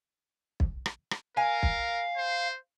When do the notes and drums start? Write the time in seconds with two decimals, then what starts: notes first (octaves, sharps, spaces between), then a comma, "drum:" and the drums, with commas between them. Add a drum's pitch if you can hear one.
0.60 drum: kick
0.86 drum: rim click
1.11 drum: rim click
1.37 A#4 F5 G#5
1.63 drum: kick
2.17 C5